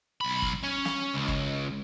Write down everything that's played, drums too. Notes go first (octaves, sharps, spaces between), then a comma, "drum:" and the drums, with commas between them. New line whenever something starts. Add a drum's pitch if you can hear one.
B1 B5
drum: kick
C#4
drum: snare
C#2
drum: kick